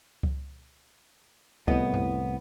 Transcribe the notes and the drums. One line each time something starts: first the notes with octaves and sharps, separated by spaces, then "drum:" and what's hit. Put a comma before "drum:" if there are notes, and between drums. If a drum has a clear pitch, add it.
drum: kick C#2
C2 A2 B3 D#5, drum: kick C#2
drum: tom F#2